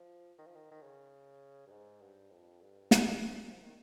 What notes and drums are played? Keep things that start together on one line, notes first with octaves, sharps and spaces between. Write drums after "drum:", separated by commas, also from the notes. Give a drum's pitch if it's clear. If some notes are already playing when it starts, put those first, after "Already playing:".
Already playing: F3
D#3
F3
D#3
D#3
C#3
G2
G#2
G2
F2
G2
G#2, drum: snare
A#2
F3
D#3